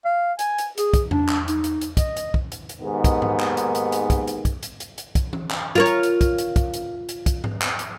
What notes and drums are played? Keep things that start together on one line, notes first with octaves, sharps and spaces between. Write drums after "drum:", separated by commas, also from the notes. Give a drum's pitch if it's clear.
F5
G#5, drum: hi-hat
drum: hi-hat
G#4, drum: hi-hat
drum: kick, hi-hat
D4, drum: tom E2
drum: clap
D#4, drum: hi-hat
drum: hi-hat
drum: hi-hat
D#5, drum: kick, hi-hat
drum: hi-hat
drum: kick
drum: hi-hat
drum: hi-hat
D#2 G#2 D#3 A#3 B3 G#4
drum: kick, hi-hat
drum: tom G#2
drum: clap
drum: hi-hat
drum: hi-hat
drum: hi-hat
drum: kick, hi-hat
drum: hi-hat
drum: kick, hi-hat
drum: hi-hat
drum: hi-hat
drum: hi-hat
drum: kick, hi-hat
drum: tom E3
drum: clap
F4 A#4 C#5
drum: hi-hat
drum: hi-hat
drum: kick, hi-hat
drum: hi-hat
drum: kick, hi-hat
drum: hi-hat
drum: hi-hat
drum: kick, hi-hat
drum: tom G#2
drum: clap
drum: hi-hat